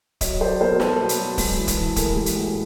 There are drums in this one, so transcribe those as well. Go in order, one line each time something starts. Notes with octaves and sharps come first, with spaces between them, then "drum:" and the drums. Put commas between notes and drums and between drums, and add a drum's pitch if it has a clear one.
F#3 C#5 D#5, drum: kick D1, hi-hat
F#3 C5 D5
B2 A#4 C5
B2 A4 B4, drum: snare
B2
drum: hi-hat
F#3
G#3, drum: kick D1, open hi-hat
E3
drum: kick D1, hi-hat
E3
A2 G#4 A#4, drum: kick D1, hi-hat
G#3 G4 A4
drum: hi-hat
A2 F#4 G#4